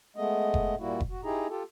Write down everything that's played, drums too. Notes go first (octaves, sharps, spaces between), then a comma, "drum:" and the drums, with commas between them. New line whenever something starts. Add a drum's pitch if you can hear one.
G#3 A3 B3 D#5
drum: kick F1
A#2 G3 A#3 E4 F#4
drum: kick F1
F#4
D#4 E4 G4 G#4 A#5
F4 G4 A4